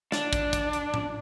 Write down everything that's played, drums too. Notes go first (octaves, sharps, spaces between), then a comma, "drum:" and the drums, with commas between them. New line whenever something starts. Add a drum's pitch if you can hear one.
D4, drum: snare
drum: kick, hi-hat
drum: kick, hi-hat
drum: hi-hat
drum: tom A2